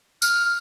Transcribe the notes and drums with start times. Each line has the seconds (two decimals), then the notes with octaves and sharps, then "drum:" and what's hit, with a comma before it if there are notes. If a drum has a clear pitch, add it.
0.22 F6, drum: tambourine